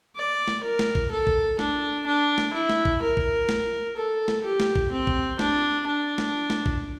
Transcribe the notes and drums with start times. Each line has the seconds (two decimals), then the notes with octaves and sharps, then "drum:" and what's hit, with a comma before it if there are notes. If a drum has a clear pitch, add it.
0.16 D5
0.48 drum: snare
0.63 A#4
0.79 drum: snare
0.95 drum: kick A1
1.11 A4
1.27 drum: kick A1
1.59 D4, drum: snare
2.06 D4
2.38 drum: snare
2.53 E4
2.69 drum: snare
2.85 drum: kick A1
3.01 A#4
3.17 drum: kick A1
3.49 drum: snare
3.96 A4
4.28 drum: snare
4.44 G4
4.60 drum: snare
4.75 drum: kick A1
4.91 C4
5.07 drum: kick A1
5.39 D4, drum: snare
5.86 D4
6.18 drum: snare
6.50 drum: snare
6.66 drum: kick A1